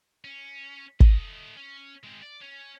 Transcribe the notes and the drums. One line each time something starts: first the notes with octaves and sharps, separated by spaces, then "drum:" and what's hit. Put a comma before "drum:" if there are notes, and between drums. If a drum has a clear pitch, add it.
C#4
A3 D#5, drum: kick
C#4
G#3 C4
D5
C#4